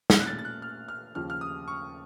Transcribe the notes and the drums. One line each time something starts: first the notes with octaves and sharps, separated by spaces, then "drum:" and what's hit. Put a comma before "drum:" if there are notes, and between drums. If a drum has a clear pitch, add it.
A#2 A3 C#4 F6, drum: snare
F#6
A6
A6
F#6
F6
F6
D#2 C#3 F3 F6
F6
D#6
C#6